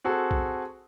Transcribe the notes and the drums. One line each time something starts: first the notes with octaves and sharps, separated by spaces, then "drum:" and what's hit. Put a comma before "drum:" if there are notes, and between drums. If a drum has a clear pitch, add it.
C4 F#4 G#4 A4
drum: kick B1